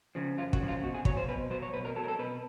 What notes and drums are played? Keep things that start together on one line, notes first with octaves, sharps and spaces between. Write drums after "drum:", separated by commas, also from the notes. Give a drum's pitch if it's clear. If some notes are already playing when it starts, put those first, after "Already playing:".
C#3 F3
F#2 F4
F#4, drum: kick
C#3 F3
F4
B2 F#4
G#4
F#3 C#5, drum: kick
C5
B2 B4
F#3 C5
C#5
B2 B4
A#4
F#3 A4
A#4
A4
B2 B4